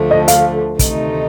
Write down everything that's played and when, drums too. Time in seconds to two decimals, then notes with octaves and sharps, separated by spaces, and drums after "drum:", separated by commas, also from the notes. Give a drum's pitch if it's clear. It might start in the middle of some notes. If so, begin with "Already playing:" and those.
Already playing: D2 D3 F3 A3
0.11 D#5
0.28 F5, drum: hi-hat
0.79 D2 C3 D#3 A3 D#4, drum: kick, hi-hat